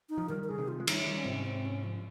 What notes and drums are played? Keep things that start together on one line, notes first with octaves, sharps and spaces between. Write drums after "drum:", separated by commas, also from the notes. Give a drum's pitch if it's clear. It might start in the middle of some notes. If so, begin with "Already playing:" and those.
D#4
F3
D#3 G3 A#4
A#4
C#3 G#4
C3 D#3
F4
G#3
D#3 G3 D#4, drum: cymbal
G#3
D#3 G3
C#4
G#2 C3 C4
C#4
C4
C#4
F3